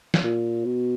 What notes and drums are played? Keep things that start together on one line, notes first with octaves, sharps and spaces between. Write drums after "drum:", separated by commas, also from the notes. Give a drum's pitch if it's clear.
drum: snare
A#2
B2